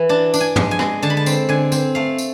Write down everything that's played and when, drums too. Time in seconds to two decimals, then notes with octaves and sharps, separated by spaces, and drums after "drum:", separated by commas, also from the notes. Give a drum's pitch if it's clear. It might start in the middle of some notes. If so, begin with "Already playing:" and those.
Already playing: E3
0.09 D4 A5
0.34 D4, drum: tambourine
0.41 G#5
0.56 G#3, drum: tom
0.71 G#5
0.79 G#3, drum: rim click
1.02 D3 A5
1.10 B5
1.17 A5
1.26 C4, drum: tambourine
1.49 D3 G#5
1.72 C4, drum: tambourine
1.95 A3 F5
2.18 drum: tambourine